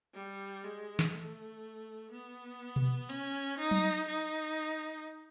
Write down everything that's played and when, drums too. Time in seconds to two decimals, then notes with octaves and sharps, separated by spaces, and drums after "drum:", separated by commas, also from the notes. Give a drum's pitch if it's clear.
0.15 G3
0.64 G#3
0.99 drum: snare
1.13 A3
2.12 B3
2.76 drum: tom B2
3.10 C#4, drum: hi-hat
3.59 D#4
3.71 drum: tom F#3
4.08 D#4